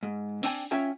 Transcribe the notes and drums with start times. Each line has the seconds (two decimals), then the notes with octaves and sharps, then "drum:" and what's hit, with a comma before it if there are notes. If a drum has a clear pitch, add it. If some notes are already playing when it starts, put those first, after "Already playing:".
0.03 G#2
0.43 C4 D4 G5 G#5, drum: open hi-hat
0.71 C#4 F4 E5 G5 G#5